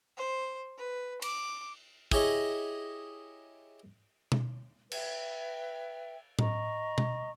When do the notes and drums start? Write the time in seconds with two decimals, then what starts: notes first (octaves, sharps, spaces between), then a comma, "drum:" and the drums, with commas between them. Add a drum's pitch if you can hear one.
0.17 C5
0.78 B4
1.22 D6, drum: cymbal
2.12 E4 G4 G#4 C#5 D#5, drum: kick
4.32 drum: tom B2
4.92 B4 E5 G5, drum: cymbal
6.39 D#5 A#5 C#6, drum: tom A2
6.98 drum: tom B2